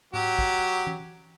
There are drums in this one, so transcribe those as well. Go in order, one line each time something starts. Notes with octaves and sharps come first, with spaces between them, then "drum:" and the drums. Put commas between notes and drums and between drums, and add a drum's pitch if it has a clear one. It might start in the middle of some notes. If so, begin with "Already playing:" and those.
F#3 F#4 G4, drum: tom G#2
drum: kick
drum: tom E3